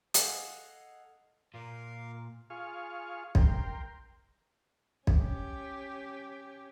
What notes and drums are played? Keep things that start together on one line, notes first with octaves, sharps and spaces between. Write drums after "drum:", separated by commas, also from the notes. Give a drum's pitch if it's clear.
G#4 A4 D#5 F5 F#5, drum: hi-hat
A#2 A#4 F5
F4 G#4 F5 C#6
A#4 G5 C6, drum: kick B1
C#4 G4, drum: kick B1